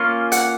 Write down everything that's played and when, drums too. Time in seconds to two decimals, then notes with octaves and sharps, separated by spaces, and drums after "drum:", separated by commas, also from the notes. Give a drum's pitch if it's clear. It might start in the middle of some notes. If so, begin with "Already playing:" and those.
Already playing: A#3 C#4 F4
0.32 F#5, drum: hi-hat